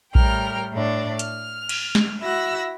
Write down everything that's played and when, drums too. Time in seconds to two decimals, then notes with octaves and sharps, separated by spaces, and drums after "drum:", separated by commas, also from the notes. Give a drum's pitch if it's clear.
0.15 A2 G3 A#4 G5 F6, drum: kick A#1
0.73 A2 D4 D5
1.19 F6, drum: hi-hat
1.69 drum: cymbal
1.95 drum: snare
2.21 E4 F#4 E6 A#6